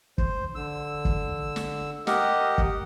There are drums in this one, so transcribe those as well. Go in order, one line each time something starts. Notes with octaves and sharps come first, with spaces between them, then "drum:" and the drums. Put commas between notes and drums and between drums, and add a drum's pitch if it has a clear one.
C5, drum: kick
D3 E6
drum: kick
drum: snare
G4 A#4 D#5 F#5, drum: snare
drum: kick